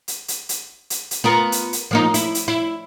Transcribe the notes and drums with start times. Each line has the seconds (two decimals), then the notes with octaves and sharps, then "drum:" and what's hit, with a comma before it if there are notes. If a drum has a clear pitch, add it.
0.08 drum: hi-hat
0.28 drum: hi-hat
0.49 drum: hi-hat
0.90 drum: hi-hat
1.11 drum: hi-hat
1.24 B3 F4 A#4
1.52 drum: hi-hat
1.73 drum: hi-hat
1.91 F3 A#3 D#4
2.14 E4, drum: hi-hat
2.35 drum: hi-hat
2.48 E4